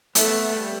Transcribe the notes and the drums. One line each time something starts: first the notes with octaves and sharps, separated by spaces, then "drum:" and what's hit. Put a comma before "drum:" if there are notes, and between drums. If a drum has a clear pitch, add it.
A3 B3, drum: hi-hat
G3